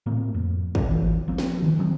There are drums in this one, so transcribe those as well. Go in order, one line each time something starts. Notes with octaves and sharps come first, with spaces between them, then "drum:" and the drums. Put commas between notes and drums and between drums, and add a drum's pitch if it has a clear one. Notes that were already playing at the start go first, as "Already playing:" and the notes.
A2 A3 A#3 C4
F2
drum: kick
E3
F3 A#3 C4
drum: snare
D#3 F3
D#3 F#3 G3 C4